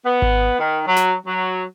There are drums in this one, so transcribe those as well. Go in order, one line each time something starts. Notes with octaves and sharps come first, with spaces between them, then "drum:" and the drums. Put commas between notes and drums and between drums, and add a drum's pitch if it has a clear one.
B3
drum: kick G#1
D#3
F#3
drum: snare
F#3